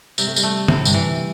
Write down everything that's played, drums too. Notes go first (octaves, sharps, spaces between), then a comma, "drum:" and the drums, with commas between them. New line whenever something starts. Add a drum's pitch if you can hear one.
C3 G3, drum: tambourine
A3
G3, drum: tambourine
A3
A2 C3, drum: tom D3
G2, drum: tambourine
E3